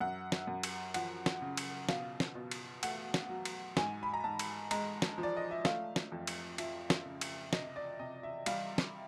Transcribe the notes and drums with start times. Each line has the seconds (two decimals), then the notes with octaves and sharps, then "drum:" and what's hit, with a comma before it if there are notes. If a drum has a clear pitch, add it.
0.01 F#2 F#5
0.32 drum: snare
0.47 F#2
0.63 drum: cymbal
0.94 F3 F#5, drum: cymbal
1.26 drum: snare
1.42 C#3
1.57 drum: cymbal
1.89 B2 F5, drum: snare
2.20 drum: snare
2.35 B2
2.51 drum: cymbal
2.83 A3 F#5, drum: cymbal
3.14 drum: snare
3.29 F#3
3.45 drum: cymbal
3.77 G#2 G#5, drum: snare
4.03 B5
4.14 A#5
4.24 G#2 A5
4.39 drum: cymbal
4.71 G#3 A#5, drum: cymbal
5.02 drum: snare
5.18 F3
5.23 D5
5.37 D#5
5.51 E5
5.65 A3 F5, drum: snare
5.96 drum: snare
6.12 F2
6.27 drum: cymbal
6.58 F3 E5, drum: cymbal
6.90 drum: snare
7.06 C#3
7.21 drum: cymbal
7.53 C3 D#5, drum: snare
7.76 D5
7.99 C3 D#5
8.23 E5
8.46 G3 F5, drum: cymbal
8.78 drum: snare